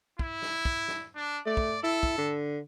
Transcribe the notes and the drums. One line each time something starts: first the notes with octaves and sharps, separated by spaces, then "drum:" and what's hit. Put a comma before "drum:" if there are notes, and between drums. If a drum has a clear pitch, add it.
E4, drum: kick
drum: snare
drum: kick
drum: snare
D4
A3 D5
drum: kick
E4 A4
drum: kick
D3